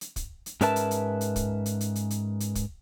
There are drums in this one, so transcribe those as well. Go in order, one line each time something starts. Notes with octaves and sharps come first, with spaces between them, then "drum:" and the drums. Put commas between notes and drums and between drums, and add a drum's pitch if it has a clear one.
drum: hi-hat
drum: kick, hi-hat
drum: hi-hat
G#2 C#4 A#4 B4 E5 A5, drum: hi-hat
drum: hi-hat
drum: hi-hat
drum: hi-hat
drum: kick, hi-hat
drum: hi-hat
drum: hi-hat
drum: hi-hat
drum: hi-hat
drum: hi-hat
drum: kick, hi-hat